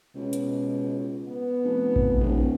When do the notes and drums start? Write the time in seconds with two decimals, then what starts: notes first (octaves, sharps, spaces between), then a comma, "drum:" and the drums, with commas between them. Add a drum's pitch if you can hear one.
0.15 C#2 B2
0.33 drum: hi-hat
1.28 B3
1.64 F1
1.96 drum: kick A#1
2.20 D1 E3